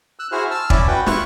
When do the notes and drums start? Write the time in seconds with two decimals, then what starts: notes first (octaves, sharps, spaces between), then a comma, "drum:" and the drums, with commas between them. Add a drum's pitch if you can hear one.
0.19 E6 F#6
0.32 E4 F#4 G#4 C5 F6
0.51 A5 E6 F6
0.70 C#4 E4 D5, drum: kick
0.88 F#4 B4 G5
1.06 E4 F4 C#6 F#6, drum: snare